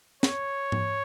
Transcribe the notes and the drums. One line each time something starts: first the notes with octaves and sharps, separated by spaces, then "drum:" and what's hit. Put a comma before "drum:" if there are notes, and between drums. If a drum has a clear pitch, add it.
C#5, drum: snare
drum: tom G#2